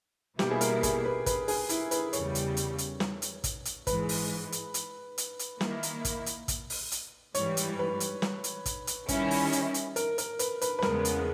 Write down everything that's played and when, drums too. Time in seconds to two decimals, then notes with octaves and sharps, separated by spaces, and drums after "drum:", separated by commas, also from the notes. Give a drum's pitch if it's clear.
0.39 B2 G3 A#3 E4 G4, drum: snare
0.51 G#4
0.61 A#4, drum: hi-hat
0.83 G#4, drum: kick, hi-hat
1.05 B4
1.26 B4, drum: kick, hi-hat
1.48 G#4, drum: open hi-hat
1.69 E4, drum: hi-hat
1.91 B4, drum: hi-hat
2.13 E2 C#3 G3 C#5, drum: hi-hat
2.35 drum: hi-hat
2.57 drum: hi-hat
2.78 drum: hi-hat
3.00 drum: snare
3.22 drum: hi-hat
3.44 drum: kick, hi-hat
3.65 drum: hi-hat
3.87 G#2 E3 G#3 B4, drum: kick, hi-hat
4.09 drum: open hi-hat
4.52 drum: hi-hat
4.74 drum: hi-hat
5.18 drum: hi-hat
5.39 drum: hi-hat
5.61 D#3 A#3 E4, drum: snare
5.83 drum: hi-hat
6.05 drum: kick, hi-hat
6.26 drum: hi-hat
6.48 drum: kick, hi-hat
6.70 drum: open hi-hat
6.92 drum: hi-hat
7.35 G#2 E3 G3 C#5, drum: hi-hat
7.57 drum: hi-hat
7.79 B4
8.00 drum: hi-hat
8.22 drum: snare
8.44 drum: hi-hat
8.66 drum: kick, hi-hat
8.87 drum: hi-hat
9.08 D#3 G3 C#4 E4, drum: kick, hi-hat
9.31 drum: open hi-hat
9.53 drum: hi-hat
9.74 drum: hi-hat
9.96 A#4, drum: hi-hat
10.18 A#4, drum: hi-hat
10.39 B4, drum: hi-hat
10.61 B4, drum: hi-hat
10.79 B4
10.82 E2 C#3 G#3 B3 A#4, drum: snare
11.05 drum: hi-hat